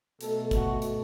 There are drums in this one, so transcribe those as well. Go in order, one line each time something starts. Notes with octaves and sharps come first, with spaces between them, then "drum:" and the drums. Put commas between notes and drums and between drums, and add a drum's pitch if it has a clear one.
B2 A3 A4, drum: hi-hat
F#4, drum: kick, hi-hat
drum: hi-hat